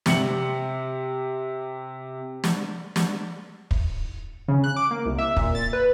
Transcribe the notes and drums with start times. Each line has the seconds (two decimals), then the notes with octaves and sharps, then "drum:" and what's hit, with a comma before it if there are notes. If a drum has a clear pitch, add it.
0.06 C3 C#7 F#7, drum: snare
2.44 drum: snare
2.96 drum: snare
3.71 drum: kick
4.48 C#3
4.64 F#6
4.76 D6
4.91 A#3
5.05 C2
5.18 E5
5.36 A#2, drum: kick
5.55 A6
5.73 B4